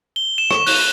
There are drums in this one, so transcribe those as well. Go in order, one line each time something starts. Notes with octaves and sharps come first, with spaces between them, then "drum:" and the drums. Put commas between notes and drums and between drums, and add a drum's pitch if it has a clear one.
G7
E7
C#6, drum: rim click
F#6, drum: open hi-hat